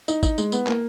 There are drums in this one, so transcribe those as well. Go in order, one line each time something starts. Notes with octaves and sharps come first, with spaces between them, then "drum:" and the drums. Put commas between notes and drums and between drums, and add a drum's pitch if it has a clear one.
D#4, drum: tambourine
D#4, drum: kick, tambourine
G#3, drum: tambourine
B3, drum: tambourine
A#3, drum: clap